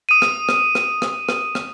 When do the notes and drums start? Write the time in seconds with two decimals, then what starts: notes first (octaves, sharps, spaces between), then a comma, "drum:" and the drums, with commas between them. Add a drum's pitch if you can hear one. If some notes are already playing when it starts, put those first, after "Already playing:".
0.09 D#6 D#7
0.22 drum: rim click
0.49 drum: rim click
0.75 drum: rim click
1.02 drum: rim click
1.29 drum: rim click
1.55 drum: rim click